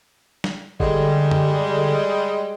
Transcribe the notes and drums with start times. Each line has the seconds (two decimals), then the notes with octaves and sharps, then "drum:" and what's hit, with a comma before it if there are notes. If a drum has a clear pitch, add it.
0.44 drum: snare
0.80 D3 G3 G#3, drum: kick G1
1.31 drum: tom F#2